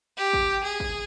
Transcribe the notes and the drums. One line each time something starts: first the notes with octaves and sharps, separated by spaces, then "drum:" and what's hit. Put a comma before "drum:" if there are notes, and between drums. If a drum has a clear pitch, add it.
G4
drum: kick
G#4
drum: kick